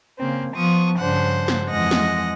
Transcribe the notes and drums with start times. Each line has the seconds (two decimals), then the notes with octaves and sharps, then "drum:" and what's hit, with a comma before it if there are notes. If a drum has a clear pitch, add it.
0.18 C#3 A#3 C4
0.55 F3 B3 C#6 D#6
0.98 G2 C#3 F3 D4 C5 F#5
1.48 drum: snare
1.70 F2 E3 G#3 D#5 F#5 A#6
1.91 drum: snare